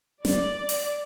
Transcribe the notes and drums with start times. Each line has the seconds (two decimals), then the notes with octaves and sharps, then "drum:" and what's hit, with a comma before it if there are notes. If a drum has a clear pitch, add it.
0.25 D5, drum: snare
0.69 drum: open hi-hat